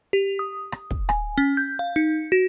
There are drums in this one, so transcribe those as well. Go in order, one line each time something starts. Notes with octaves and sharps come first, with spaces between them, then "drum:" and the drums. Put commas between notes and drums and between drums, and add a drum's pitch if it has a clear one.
G4
D#6
drum: rim click
drum: kick
G#5, drum: rim click
C#4
G6
F5
D#4
F#4